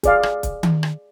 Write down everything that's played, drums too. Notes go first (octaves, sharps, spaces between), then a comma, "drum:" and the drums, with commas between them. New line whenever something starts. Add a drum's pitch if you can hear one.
G#4 D5 F5, drum: kick, hi-hat
drum: rim click
drum: kick, hi-hat
drum: tom D#3
drum: rim click